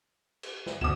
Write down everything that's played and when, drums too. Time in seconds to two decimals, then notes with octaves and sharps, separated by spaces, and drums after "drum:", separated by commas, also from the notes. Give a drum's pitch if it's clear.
0.43 drum: cymbal
0.66 drum: snare
0.81 D2 B2 D#6 E7